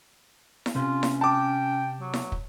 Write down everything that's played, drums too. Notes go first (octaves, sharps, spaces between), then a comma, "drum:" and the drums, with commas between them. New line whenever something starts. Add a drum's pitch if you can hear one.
drum: snare E4
C3 C#4 F4
drum: snare E4
G5 A5 D6
F#3
drum: snare E4
drum: kick